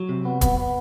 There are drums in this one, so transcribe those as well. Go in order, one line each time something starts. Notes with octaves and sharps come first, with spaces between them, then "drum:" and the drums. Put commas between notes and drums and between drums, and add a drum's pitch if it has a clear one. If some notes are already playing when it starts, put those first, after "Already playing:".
Already playing: F#3
C3
B3
B3, drum: kick, hi-hat
B3